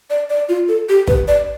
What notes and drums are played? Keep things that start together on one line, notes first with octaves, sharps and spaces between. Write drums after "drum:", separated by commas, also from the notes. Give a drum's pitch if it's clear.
D5
D5
F4
A4
G4
B4, drum: kick
D5